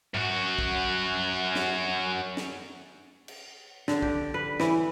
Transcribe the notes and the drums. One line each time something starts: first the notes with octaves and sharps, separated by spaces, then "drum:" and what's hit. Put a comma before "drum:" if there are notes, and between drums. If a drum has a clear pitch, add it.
F#2 F#4, drum: tom G#2
drum: kick
drum: snare
drum: snare
drum: cymbal
D3, drum: snare
G4, drum: kick
B4
E3, drum: snare